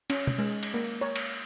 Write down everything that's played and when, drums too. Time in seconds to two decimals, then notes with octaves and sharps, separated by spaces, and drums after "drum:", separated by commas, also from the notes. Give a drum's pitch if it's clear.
0.10 C#4, drum: cymbal
0.27 drum: tom
0.39 G#3
0.63 drum: cymbal
0.74 A#3
1.01 C#5
1.16 drum: cymbal